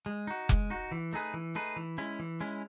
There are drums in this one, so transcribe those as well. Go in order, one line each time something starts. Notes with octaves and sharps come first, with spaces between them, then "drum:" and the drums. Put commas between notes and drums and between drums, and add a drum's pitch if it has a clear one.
G#3
D#4 F#4
G#3, drum: kick F1
D#4 F#4
E3
A3 D#4 G#4 B4
E3
A3 D#4 G#4 B4
E3
G#3 C#4 E4
E3
G#3 C#4 E4